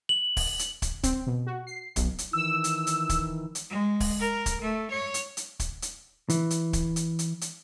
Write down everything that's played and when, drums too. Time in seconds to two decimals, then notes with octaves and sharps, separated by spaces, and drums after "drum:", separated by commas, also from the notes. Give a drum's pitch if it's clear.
0.09 F#7
0.37 drum: kick, open hi-hat
0.59 drum: hi-hat
0.82 drum: kick, hi-hat
1.03 C4, drum: kick, hi-hat
1.27 B2
1.46 F#4
1.67 C7
1.96 B1, drum: kick, hi-hat
2.18 drum: hi-hat
2.33 D#3 E3 E6
2.64 drum: hi-hat
2.87 drum: hi-hat
3.09 drum: kick, hi-hat
3.55 drum: hi-hat
3.70 G#3
4.00 drum: kick, open hi-hat
4.19 A#4
4.46 drum: kick, hi-hat
4.62 A3
4.91 C#5
5.14 drum: hi-hat
5.37 drum: hi-hat
5.60 drum: kick, hi-hat
5.82 drum: hi-hat
6.30 E3, drum: hi-hat
6.50 drum: hi-hat
6.73 drum: kick, hi-hat
6.96 drum: hi-hat
7.19 drum: hi-hat
7.41 drum: hi-hat